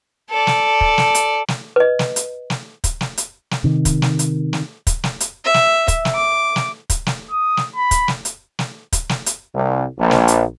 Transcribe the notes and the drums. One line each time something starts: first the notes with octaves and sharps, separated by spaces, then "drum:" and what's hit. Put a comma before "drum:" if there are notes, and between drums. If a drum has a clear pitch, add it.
A4 D5
drum: snare
drum: kick
drum: snare
drum: hi-hat
drum: snare
B4 D#5
drum: snare
drum: hi-hat
drum: snare
drum: kick, hi-hat
drum: snare
drum: hi-hat
drum: snare
C3 D#3
drum: kick, hi-hat
drum: snare
drum: hi-hat
drum: snare
drum: kick, hi-hat
drum: snare
drum: hi-hat
E5
drum: snare
drum: kick, hi-hat
drum: snare
D6
drum: snare
drum: kick, hi-hat
drum: snare
D#6
drum: snare
B5
drum: kick, hi-hat
drum: snare
drum: hi-hat
drum: snare
drum: kick, hi-hat
drum: snare
drum: hi-hat
C2
A#1
drum: snare
drum: hi-hat